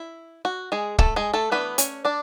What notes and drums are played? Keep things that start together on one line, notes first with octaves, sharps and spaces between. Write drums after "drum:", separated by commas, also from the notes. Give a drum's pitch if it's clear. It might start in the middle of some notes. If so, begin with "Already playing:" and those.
Already playing: E4
F#4
G#3 G#4
A3 A4, drum: kick
G#3 G#4
A3 A4
E3 A3 B3 D4 B4
C#4 C#5, drum: hi-hat
D4 D5